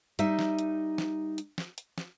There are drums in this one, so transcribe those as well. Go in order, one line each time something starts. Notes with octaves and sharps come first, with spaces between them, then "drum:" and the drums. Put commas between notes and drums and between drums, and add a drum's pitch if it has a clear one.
G3 D#4 E5, drum: hi-hat
drum: snare
drum: hi-hat
drum: snare
drum: hi-hat
drum: snare
drum: hi-hat
drum: snare